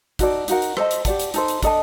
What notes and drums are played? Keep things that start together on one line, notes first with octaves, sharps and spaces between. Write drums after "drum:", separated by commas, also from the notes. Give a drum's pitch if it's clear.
D#4 F#4 A4 D5, drum: kick, hi-hat
D#4 F#4 A#4 F#5, drum: hi-hat
drum: hi-hat
A4 C5 D#5 A5, drum: rim click
drum: hi-hat
G4 D5 F#5 A5, drum: kick, hi-hat
drum: hi-hat
D#4 A4 C5, drum: hi-hat
drum: hi-hat
D4 A4 D#5 A5, drum: kick, hi-hat